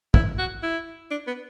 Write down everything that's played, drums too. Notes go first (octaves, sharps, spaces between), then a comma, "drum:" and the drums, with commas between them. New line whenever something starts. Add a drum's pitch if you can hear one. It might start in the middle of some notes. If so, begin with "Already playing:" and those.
E4, drum: kick
F#4
E4
D4
B3